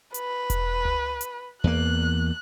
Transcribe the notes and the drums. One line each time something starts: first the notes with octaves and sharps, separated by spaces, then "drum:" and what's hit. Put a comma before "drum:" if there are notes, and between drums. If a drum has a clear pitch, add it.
B4, drum: hi-hat
drum: kick E1, hi-hat
drum: tom C#2
drum: hi-hat
E2 A#3 F#6